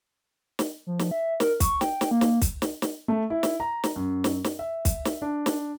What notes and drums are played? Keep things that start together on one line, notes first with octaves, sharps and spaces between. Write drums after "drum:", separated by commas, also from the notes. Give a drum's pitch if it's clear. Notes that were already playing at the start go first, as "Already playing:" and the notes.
drum: snare
F3
drum: snare
E5
A#4, drum: snare
C#6, drum: kick, hi-hat
G5, drum: snare
drum: snare
A#3
drum: snare
drum: kick, hi-hat
drum: snare
drum: snare
A3
E4
drum: snare
A#5
drum: snare
F#2
drum: snare
drum: snare
E5
drum: kick, hi-hat
drum: snare
D4
drum: snare